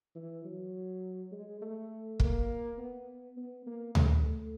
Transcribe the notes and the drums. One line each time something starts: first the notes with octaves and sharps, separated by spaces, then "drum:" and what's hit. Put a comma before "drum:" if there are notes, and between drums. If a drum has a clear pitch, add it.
E3
F#3
G#3
A3
A#3, drum: kick
B3
B3
A#3
A3, drum: tom D2
A3